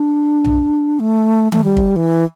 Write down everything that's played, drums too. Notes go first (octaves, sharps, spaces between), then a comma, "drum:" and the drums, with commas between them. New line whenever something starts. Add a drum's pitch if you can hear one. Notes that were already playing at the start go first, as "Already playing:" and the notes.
Already playing: D4
drum: tom B1
A3
A3, drum: tom D#3
G3
drum: kick
E3